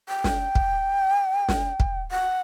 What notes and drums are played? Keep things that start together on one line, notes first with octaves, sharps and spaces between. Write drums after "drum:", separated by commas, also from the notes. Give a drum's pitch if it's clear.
G5
drum: snare
drum: kick
drum: snare
drum: kick
F#5